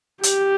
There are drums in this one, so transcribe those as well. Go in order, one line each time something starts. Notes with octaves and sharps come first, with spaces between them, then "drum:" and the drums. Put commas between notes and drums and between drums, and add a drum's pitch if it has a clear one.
G4, drum: hi-hat